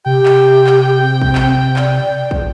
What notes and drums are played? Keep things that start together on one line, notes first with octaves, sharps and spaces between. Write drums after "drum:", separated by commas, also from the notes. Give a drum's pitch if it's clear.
C3 G4 G5
drum: clap
drum: clap
C4
drum: kick
drum: clap
D5, drum: clap
drum: kick